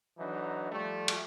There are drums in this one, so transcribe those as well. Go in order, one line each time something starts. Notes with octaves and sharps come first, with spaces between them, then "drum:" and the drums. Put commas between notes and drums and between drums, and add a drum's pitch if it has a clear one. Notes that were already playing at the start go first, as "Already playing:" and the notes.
D3 E3 F#3 D#4
F3 G3 A3
drum: cymbal